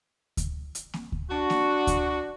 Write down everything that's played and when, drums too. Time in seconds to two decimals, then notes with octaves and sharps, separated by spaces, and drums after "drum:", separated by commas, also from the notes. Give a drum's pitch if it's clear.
0.37 drum: kick D2, hi-hat
0.75 drum: hi-hat
0.94 drum: snare A#3
1.12 drum: kick D2
1.31 D4 F#4
1.50 drum: snare A#3
1.87 drum: kick D2, hi-hat